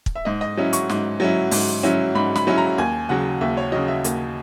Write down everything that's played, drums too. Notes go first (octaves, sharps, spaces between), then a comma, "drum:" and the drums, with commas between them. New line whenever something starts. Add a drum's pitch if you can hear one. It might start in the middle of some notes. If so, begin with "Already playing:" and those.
drum: kick
E5
G#2 D#5
D#5
F#3 C#4 E4
C#6, drum: hi-hat
G#2, drum: snare
F#3 C#4 E4
G#2, drum: open hi-hat
F#3 C#4 E4
G#2 B5
B5, drum: snare
F#3 C#4 E4
A#5
D#2 G#5
C#3 F#3 F#5
D#2 E5
C#5
C#3 F#3 D#5
E5
D#2, drum: hi-hat